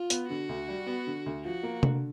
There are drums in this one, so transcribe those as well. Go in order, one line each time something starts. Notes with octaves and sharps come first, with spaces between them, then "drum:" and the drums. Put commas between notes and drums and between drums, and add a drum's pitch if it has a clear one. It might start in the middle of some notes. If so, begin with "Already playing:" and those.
Already playing: F4
B3, drum: hi-hat
D3 F#4
D2
G3
B3
D3
D2
F3 F#4
A#3
D3, drum: tom C3